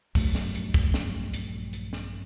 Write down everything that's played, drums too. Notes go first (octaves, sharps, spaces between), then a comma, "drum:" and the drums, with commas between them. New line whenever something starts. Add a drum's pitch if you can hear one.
A#1 G2 F#3 A3, drum: kick, open hi-hat
drum: snare
drum: hi-hat
drum: kick
drum: snare
drum: hi-hat
drum: hi-hat
drum: snare